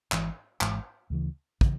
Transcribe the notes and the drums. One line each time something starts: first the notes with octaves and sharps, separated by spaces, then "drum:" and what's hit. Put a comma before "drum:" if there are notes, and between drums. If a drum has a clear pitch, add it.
G#1 G#2 E3, drum: clap
G#1 G#2 E3, drum: clap
D2 C#3 E3
C#3 E3, drum: kick